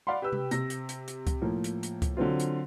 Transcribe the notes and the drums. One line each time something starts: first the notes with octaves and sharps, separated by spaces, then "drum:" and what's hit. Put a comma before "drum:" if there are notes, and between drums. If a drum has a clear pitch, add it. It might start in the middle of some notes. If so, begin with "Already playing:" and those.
D5 F5 F#5 B5 C6
G4 B4 G5 E6
drum: tom C3
C3 A#6, drum: hi-hat
drum: hi-hat
drum: hi-hat
drum: hi-hat
drum: kick C#2, hi-hat
A2 F3 A#3
drum: hi-hat
drum: hi-hat
drum: kick C#2, hi-hat
D3 F#3 C4 F4
drum: hi-hat